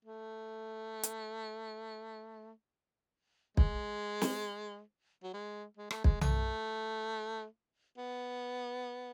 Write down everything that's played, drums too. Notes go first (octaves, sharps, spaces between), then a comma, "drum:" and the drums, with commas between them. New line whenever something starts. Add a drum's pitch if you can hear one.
A3
drum: hi-hat
G#3, drum: kick
drum: snare
F#3
G#3
G#3
A3, drum: rim click
G#3, drum: kick
A3, drum: tom B1
B3